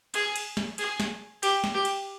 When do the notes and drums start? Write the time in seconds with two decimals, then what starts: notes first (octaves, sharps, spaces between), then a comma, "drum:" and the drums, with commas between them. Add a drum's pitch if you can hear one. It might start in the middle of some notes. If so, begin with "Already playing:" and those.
0.14 G#4, drum: cymbal
0.36 drum: cymbal
0.57 drum: snare
0.78 G#4, drum: cymbal
1.00 drum: snare
1.43 G4, drum: cymbal
1.64 drum: snare
1.74 G4
1.85 drum: cymbal